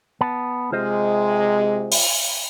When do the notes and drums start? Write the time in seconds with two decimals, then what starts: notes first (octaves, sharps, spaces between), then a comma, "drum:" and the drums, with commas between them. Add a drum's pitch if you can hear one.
0.21 B3 A5
0.72 C3 G#3 F4 C5 D#5
1.92 drum: open hi-hat